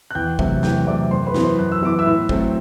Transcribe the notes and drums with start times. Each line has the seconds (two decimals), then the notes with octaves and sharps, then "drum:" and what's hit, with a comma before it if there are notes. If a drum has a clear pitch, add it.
0.11 F#6
0.15 E2 G5 G6
0.39 C3 F#3 A3, drum: kick
0.63 E2 G5 G6, drum: snare
0.87 C3 F#3 A3 D5 D6
1.11 F#2 C5 C6
1.27 B4 B5
1.34 E3 B3, drum: snare
1.42 C5 C6
1.58 F#2 F#6
1.72 E6
1.82 E3 B3 D6
1.99 E5 E6
2.06 A2
2.29 F#3 A3 C4, drum: kick